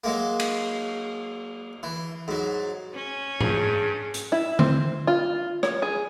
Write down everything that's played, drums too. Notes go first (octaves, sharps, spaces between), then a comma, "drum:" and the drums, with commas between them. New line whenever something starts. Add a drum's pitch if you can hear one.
F#3 G#3 A#3
drum: cymbal
E3
G#2 F#3
C#4
G2 G#4, drum: tom G#2
drum: hi-hat
E4
C4, drum: tom D3
F4
C#5, drum: rim click
G#4